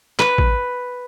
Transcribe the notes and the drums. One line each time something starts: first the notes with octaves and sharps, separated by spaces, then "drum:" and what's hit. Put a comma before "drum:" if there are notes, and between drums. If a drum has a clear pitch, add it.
B4, drum: clap
drum: kick A1